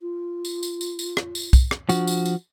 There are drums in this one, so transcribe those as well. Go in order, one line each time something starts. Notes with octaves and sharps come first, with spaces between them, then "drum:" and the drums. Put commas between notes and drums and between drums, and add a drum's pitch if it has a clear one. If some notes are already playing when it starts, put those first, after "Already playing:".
F4
drum: tambourine
drum: tambourine
drum: tambourine
drum: tambourine
drum: rim click
drum: tambourine
drum: kick, tambourine
drum: rim click
F3 D4 F#4, drum: tambourine
drum: tambourine
drum: tambourine